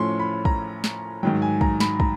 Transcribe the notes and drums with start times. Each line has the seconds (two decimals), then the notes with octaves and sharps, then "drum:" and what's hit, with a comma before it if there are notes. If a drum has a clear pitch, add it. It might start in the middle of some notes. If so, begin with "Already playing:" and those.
Already playing: A2 F3 A3 C#4 C6
0.20 B5
0.45 A#5, drum: kick
0.84 drum: snare
1.23 G#2 D#3 F#3 G5
1.42 G#5
1.61 A#5, drum: kick
1.80 B5, drum: snare
2.00 A#5, drum: kick